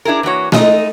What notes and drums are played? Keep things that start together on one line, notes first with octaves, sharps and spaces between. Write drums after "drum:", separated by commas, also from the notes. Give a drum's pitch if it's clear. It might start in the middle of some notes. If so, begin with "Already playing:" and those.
D4 E4 G#4 A#4
E3 A#3 F#4 C#5
G#3 A3 D#4 D#5, drum: snare A3